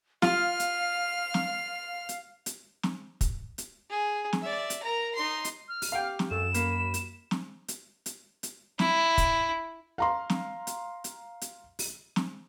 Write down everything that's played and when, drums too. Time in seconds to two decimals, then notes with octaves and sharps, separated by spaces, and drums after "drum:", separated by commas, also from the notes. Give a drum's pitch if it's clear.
0.22 F4 F5 F6, drum: snare
0.60 drum: hi-hat
1.34 drum: snare
2.09 drum: hi-hat
2.46 drum: hi-hat
2.83 drum: snare
3.21 drum: kick, hi-hat
3.58 drum: hi-hat
3.90 G#4
4.33 drum: snare
4.42 D5 E5
4.70 drum: hi-hat
4.83 A#4 A#5
5.15 D#4 C6
5.45 drum: hi-hat
5.69 F6
5.82 drum: open hi-hat
5.92 G4 F5 G5
6.19 drum: snare
6.31 F#2 A4 E7
6.54 A#3 B5, drum: hi-hat
6.94 drum: hi-hat
7.31 drum: snare
7.68 drum: hi-hat
8.06 drum: hi-hat
8.43 drum: hi-hat
8.79 E4, drum: snare
9.18 drum: kick, hi-hat
9.98 F5 A#5 C6
10.30 drum: snare
10.67 drum: hi-hat
11.04 drum: hi-hat
11.41 drum: hi-hat
11.79 drum: open hi-hat
12.16 drum: snare